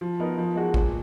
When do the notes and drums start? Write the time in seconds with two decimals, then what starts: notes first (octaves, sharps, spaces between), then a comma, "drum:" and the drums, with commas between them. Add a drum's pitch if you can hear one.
0.01 F3
0.20 B3 D#4 A#4
0.38 F3
0.56 G#3 D#4 F#4
0.74 A#2, drum: kick A1